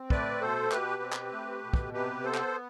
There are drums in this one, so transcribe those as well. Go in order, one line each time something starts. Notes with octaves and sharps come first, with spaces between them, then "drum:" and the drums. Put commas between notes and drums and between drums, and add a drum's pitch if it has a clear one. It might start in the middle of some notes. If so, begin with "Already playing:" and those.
Already playing: C4
A3 B4 D5, drum: kick
B2 A4 C5
B2 G4 B4, drum: clap
C4
drum: clap
A3
B2
drum: kick
C3 G4 B4
B3 A4 C5
drum: clap